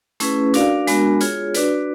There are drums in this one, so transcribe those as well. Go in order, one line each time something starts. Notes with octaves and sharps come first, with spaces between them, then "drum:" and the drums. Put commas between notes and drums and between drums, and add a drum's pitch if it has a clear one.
A3 C#4 E4 G#4 B4, drum: hi-hat
D4 F#4 A#4 D5 F5, drum: hi-hat
G#3 B3 D4 F#4 A#4, drum: hi-hat
F4 G#4 C#5, drum: hi-hat
D4 F#4 B4 D5, drum: hi-hat